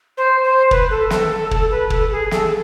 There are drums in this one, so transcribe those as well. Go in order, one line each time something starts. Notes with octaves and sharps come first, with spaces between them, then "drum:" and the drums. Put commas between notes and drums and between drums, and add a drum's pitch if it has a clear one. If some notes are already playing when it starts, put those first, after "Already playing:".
C5
C5
B4, drum: kick
A4
A4, drum: snare
A4
A4, drum: kick
B4
A4, drum: kick
G#4
A4, drum: snare